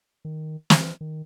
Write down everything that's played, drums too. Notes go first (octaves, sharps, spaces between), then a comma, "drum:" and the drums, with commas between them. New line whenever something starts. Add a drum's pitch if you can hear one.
D#3
E3, drum: snare
D#3